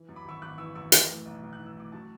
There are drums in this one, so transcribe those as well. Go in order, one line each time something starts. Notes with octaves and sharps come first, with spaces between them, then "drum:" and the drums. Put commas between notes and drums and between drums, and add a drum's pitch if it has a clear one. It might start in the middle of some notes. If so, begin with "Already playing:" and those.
Already playing: E3
F#2
B5 D6
G#1 C#6 E6
G#1 D6 F#6
E3 C#6 E6
F#2 C#6 E6
E3, drum: hi-hat
A2
B1
B1
F#6
E3
E6
A2 D6
F#3 A5 C#6